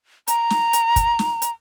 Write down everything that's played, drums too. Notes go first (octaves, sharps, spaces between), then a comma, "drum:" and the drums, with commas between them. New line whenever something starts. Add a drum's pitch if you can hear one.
A#5, drum: hi-hat
drum: snare
drum: hi-hat
drum: kick, hi-hat
drum: snare
drum: hi-hat